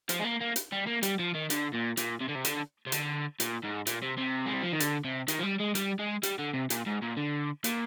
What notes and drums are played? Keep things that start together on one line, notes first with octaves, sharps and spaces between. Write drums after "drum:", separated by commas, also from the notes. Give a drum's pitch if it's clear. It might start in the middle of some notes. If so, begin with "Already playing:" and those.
F3, drum: hi-hat
G#3
A#3
A#3
drum: hi-hat
G3
A#3
G3, drum: hi-hat
F3
D#3
D3, drum: hi-hat
A#2
A#2, drum: hi-hat
C3
D3
C3
D3, drum: hi-hat
C3
D3, drum: hi-hat
A#2, drum: hi-hat
G#2
A#2, drum: hi-hat
C3
C3
G#3
G3
F3
D#3
D3, drum: hi-hat
C3
D#3, drum: hi-hat
F3
G3
G#3
G3, drum: hi-hat
G#3
G3, drum: hi-hat
D3
C3
A#2, drum: hi-hat
G#2
A#2
D3
A#2, drum: hi-hat